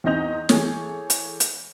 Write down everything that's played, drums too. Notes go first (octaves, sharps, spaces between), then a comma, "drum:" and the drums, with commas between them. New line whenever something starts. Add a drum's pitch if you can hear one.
E2 C4 D#4 D#5 G6 F7
E3 G#4 A4 C#5, drum: snare
drum: hi-hat
drum: hi-hat